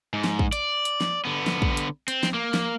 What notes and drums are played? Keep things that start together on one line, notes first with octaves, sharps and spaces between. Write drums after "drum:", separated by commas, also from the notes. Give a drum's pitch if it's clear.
G#2
drum: snare
drum: kick
D5, drum: hi-hat
drum: hi-hat
drum: snare
D3 B3
drum: snare
drum: kick
drum: hi-hat
C4, drum: hi-hat
drum: snare
A#3
drum: snare